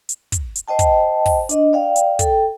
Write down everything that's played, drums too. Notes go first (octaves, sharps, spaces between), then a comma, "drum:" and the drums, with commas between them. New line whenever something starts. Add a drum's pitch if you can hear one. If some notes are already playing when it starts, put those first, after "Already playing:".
drum: hi-hat
drum: kick, hi-hat
drum: hi-hat
C5 D#5 G5 A5
drum: kick, hi-hat
drum: kick, open hi-hat
D4 D#5, drum: hi-hat
D5 F5 G5
drum: hi-hat
A4 G5, drum: kick, hi-hat